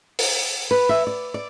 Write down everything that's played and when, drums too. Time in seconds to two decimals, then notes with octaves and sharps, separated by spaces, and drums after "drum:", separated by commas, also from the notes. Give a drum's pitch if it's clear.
0.19 drum: open hi-hat
0.71 B4
0.89 E5
1.07 D5
1.34 D5